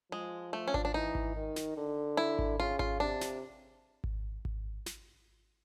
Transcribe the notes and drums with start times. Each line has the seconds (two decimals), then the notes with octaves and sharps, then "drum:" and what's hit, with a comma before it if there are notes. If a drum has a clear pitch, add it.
0.12 F3 G#3
0.53 A3
0.68 C#4
0.74 D4, drum: kick G#1
0.85 D4
0.94 E3 D#4
1.15 drum: kick G#1
1.36 D#3
1.56 drum: snare
1.77 D3
2.17 E4
2.39 drum: kick G#1
2.59 C#3 F4
2.79 F4, drum: kick G#1
3.00 C3 D4
3.21 drum: snare
4.04 drum: kick G#1
4.45 drum: kick G#1
4.86 drum: snare